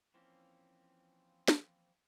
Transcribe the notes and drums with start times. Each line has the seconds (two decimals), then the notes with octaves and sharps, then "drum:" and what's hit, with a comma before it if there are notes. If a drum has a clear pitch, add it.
0.14 E3 F3 A#3 C4 C#4
1.48 drum: snare